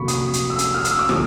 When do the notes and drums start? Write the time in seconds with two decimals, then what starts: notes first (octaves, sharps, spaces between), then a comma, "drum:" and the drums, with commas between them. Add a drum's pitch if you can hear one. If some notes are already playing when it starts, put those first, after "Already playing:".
Already playing: F1 F2 D3 F#3 A#3 B5 C#6
0.08 D#6, drum: hi-hat
0.33 drum: hi-hat
0.50 E6
0.59 D#6, drum: hi-hat
0.74 F6
0.85 E6, drum: hi-hat
0.99 D6
1.09 D3 F3 D#6, drum: rim click